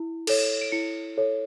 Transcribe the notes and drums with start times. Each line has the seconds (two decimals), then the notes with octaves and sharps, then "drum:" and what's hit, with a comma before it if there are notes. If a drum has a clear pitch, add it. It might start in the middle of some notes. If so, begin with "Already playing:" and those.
Already playing: E4
0.27 A4 C#5, drum: cymbal
0.61 D7
0.72 E4 C#7
1.18 A4 C#5